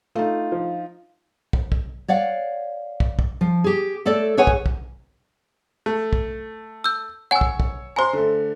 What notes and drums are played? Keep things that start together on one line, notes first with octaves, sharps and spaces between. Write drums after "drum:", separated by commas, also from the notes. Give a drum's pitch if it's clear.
A3 D#4 F4
F3
drum: kick
drum: kick
C#5 D5 F5 F#5
drum: kick
drum: kick
F3
G4 G#4
A3 A4 C#5 D5
G#4 B4 C#5 F#5 G#5
drum: kick
drum: kick
A3
drum: kick
E6 G6
C#5 F#5 G#5 E6
drum: kick
drum: kick
C5 G#5 A#5 C6
D3 A3